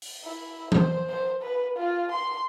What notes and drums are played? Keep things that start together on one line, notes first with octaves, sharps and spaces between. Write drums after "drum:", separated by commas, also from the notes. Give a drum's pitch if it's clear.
drum: open hi-hat
E4
C5, drum: tom E3
C5
B4
F4
C6